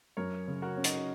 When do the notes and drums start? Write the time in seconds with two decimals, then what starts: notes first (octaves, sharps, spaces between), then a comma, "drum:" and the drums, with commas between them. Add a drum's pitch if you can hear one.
0.17 F#2 A#4 C#5
0.48 C#3
0.62 F#4 A#4
0.77 C#4
0.84 D#4 F#4, drum: hi-hat